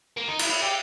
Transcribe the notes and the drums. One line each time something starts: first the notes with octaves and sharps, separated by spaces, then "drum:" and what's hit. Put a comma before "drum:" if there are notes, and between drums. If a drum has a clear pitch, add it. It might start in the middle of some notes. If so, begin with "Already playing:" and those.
A#3
D#4
E4, drum: cymbal
E4
G4